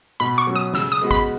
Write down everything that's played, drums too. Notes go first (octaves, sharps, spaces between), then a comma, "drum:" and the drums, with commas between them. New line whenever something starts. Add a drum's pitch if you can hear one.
B2 B5, drum: hi-hat
C#6, drum: hi-hat
F#3 C#4
D#6, drum: hi-hat
C#3 E6, drum: snare
D#6, drum: hi-hat
G#3 B3 F#4
B5, drum: kick, hi-hat